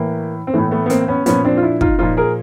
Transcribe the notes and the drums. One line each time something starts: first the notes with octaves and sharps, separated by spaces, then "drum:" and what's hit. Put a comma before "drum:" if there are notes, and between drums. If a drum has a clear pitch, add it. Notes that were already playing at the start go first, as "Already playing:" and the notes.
Already playing: A2 E3 A#3
C4
A2 E3 A3 B3
A3 B3
B3
A#3 C4, drum: hi-hat
B3 C#4
A#2 F3 B3 C#4, drum: hi-hat
C4 D4
F4
D4 E4
D#4 F4, drum: kick
A#2 F3 D#4 F4
G#4 A#4